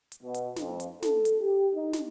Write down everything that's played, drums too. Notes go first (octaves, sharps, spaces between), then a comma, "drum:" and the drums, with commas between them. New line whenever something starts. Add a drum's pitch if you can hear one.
drum: hi-hat
B2
drum: hi-hat
F2, drum: snare
drum: hi-hat
A4, drum: snare
drum: hi-hat
G4
D#4
drum: snare